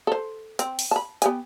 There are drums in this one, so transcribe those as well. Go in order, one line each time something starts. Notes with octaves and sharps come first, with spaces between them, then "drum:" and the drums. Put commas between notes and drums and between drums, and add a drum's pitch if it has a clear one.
A4 C5
C4, drum: hi-hat
drum: open hi-hat
A5 B5
B3 G4 G#5, drum: hi-hat